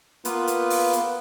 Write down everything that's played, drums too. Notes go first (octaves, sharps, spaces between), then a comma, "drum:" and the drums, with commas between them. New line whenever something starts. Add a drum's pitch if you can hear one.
A#3 B3 F4 B4, drum: hi-hat
drum: hi-hat
drum: open hi-hat
drum: hi-hat